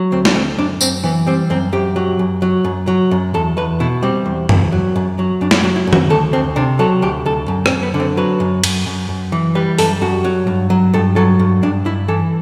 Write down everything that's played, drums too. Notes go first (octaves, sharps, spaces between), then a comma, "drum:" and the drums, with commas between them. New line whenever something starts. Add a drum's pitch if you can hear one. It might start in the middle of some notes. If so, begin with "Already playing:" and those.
Already playing: F#3
D2 C4
D4, drum: snare
D2 C4
F#2 D4
F#2 C4, drum: tambourine
E3 B3
G3 C4
F#2 C4
F#2 G4
F#3
F#2
F#3
F#2
F#3
F#2
E2 A4
E2 B4
B2 E4
G3 C4
E2
E2, drum: tom F#2
F#3
F#2
F#3
F#2 D4
drum: snare
F#3
E4
F#2
F#4, drum: tom D#3
D2 A4
D2 C4
C3 D4
F#3 A4
D2 G4
D2 A4
F#2
C4, drum: rim click
F#2
B3
D3
C4
F#3 B4
F#2
F#2, drum: cymbal
F#2
F#2
E3
G3 B4
F#2 A4, drum: open hi-hat
F#2 F#4
F#3
G2
F#3
G2 A4
F#3 A4
G2
G2 D4
G2 E4
E3 A4